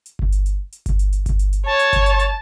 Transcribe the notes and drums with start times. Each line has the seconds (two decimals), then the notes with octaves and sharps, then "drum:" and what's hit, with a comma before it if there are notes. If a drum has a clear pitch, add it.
0.06 drum: hi-hat
0.19 drum: kick G1
0.32 drum: hi-hat
0.46 drum: hi-hat
0.72 drum: hi-hat
0.86 drum: kick G1, hi-hat
0.99 drum: hi-hat
1.13 drum: hi-hat
1.26 drum: kick G1, hi-hat
1.39 drum: hi-hat
1.53 drum: hi-hat
1.66 C#5 A5
1.79 drum: hi-hat
1.93 drum: kick G1, hi-hat
2.06 drum: hi-hat
2.19 drum: hi-hat